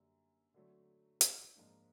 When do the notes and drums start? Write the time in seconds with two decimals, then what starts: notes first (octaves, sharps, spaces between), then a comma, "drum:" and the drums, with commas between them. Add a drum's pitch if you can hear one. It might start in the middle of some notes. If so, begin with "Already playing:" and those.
Already playing: F#2 D3 G3 A#3
0.54 D3 F#3 A3
1.21 drum: hi-hat
1.55 G#2 F3 A#3 D4